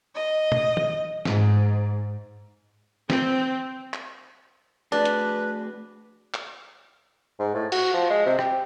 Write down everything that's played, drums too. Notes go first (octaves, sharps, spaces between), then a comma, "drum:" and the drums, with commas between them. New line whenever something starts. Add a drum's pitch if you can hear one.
D#5
drum: tom B2
drum: tom
G#2, drum: snare
C4, drum: snare
drum: clap
A3 D4 F#4 G#4 B4
drum: hi-hat
drum: clap
G#2
A2
F#4, drum: cymbal
F3
G#3
C3
G4, drum: rim click